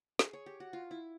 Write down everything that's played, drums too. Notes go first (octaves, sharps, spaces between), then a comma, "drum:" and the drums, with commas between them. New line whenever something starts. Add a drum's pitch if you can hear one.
G#4, drum: snare
C#5
G4
F#4
F4
E4